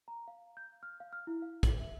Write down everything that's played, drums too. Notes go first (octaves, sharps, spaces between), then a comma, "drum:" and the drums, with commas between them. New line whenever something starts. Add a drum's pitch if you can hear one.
A#5
F5
G6
F6
F5
F6
E4
F5
F#7, drum: kick, hi-hat
E5